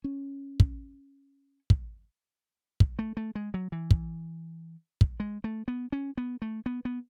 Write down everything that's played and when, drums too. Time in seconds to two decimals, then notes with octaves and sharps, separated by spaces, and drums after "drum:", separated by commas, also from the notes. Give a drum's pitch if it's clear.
0.04 C#4
0.60 drum: kick
1.70 drum: kick
2.80 drum: kick
2.99 A3
3.17 A3
3.35 G#3
3.54 F#3
3.72 E3
3.91 drum: kick
5.01 drum: kick
5.20 G#3
5.44 A3
5.68 B3
5.92 C#4
6.17 B3
6.42 A3
6.66 B3
6.85 B3